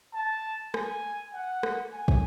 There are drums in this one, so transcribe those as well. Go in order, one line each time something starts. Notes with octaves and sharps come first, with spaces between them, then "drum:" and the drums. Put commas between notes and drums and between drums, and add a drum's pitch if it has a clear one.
A5
G#5, drum: rim click
F#5
drum: rim click
G#5
drum: kick